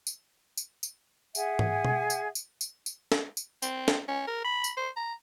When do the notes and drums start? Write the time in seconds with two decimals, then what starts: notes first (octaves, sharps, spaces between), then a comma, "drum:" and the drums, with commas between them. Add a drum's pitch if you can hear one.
0.07 drum: tambourine
0.57 drum: tambourine
0.83 drum: tambourine
1.35 G#4 E5 F#5 G#5, drum: tambourine
1.59 drum: tom G#2
1.85 drum: tom B2
2.10 drum: tambourine
2.35 drum: tambourine
2.61 drum: tambourine
2.86 drum: tambourine
3.12 drum: snare
3.37 drum: tambourine
3.62 C4, drum: tambourine
3.88 drum: snare
4.08 C#4
4.27 A#4
4.45 B5
4.64 drum: tambourine
4.77 C5
4.96 A#5